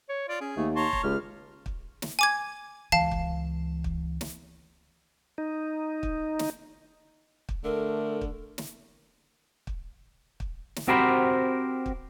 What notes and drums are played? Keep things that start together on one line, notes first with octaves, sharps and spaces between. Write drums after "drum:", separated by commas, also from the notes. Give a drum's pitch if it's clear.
C#5
F4 D5
C#4 G#4
D#2 A3
C#5 A5 A#5 C6
drum: kick
C#2 G4 F6
drum: kick
drum: snare
G#5 D6 G#6
C#2 E3 F5 A5
drum: kick
drum: kick
drum: snare
D#4
drum: kick
drum: snare
drum: kick
D3 A3 A#4
drum: kick
drum: snare
drum: kick
drum: kick
drum: snare
C4 F#4 G4 A#4 C5 B5
drum: kick